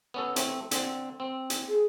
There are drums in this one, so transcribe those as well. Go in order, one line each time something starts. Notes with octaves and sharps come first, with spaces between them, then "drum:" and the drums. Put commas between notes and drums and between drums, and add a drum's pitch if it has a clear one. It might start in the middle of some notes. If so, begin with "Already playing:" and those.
B3 C#4 A4
A3 C4, drum: hi-hat
D3 C4, drum: hi-hat
C4
drum: hi-hat
G#4